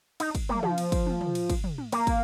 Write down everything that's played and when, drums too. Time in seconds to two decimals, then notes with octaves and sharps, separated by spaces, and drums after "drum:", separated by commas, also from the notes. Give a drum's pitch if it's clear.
0.20 D#4, drum: cymbal
0.35 drum: kick, cymbal
0.49 A#3, drum: tom
0.63 F3, drum: tom
0.78 drum: cymbal
0.92 drum: kick, cymbal
1.06 drum: tom
1.21 drum: tom
1.35 drum: cymbal
1.50 drum: kick, cymbal
1.64 drum: tom
1.78 drum: tom
1.92 A#3, drum: cymbal
2.07 drum: kick, cymbal